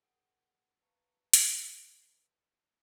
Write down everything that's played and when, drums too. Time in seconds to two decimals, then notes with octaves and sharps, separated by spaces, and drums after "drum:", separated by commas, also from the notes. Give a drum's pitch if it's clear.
0.02 G#4 A#4 F#5 G5 D#6
0.82 B4 F5 A5 A#5 C#6 F#6
1.33 drum: hi-hat